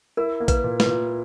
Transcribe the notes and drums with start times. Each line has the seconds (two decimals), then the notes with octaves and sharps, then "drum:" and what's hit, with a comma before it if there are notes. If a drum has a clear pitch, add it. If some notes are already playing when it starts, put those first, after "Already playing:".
0.17 E4 A#4
0.40 A#3
0.48 B4, drum: kick A#1, hi-hat
0.64 A#2
0.80 B4, drum: snare
0.87 A#2